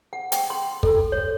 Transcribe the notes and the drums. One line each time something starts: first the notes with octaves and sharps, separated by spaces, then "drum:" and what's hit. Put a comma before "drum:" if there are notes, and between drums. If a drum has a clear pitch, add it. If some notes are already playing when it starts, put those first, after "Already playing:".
F#5
G5, drum: hi-hat
C6
A4, drum: kick
C#5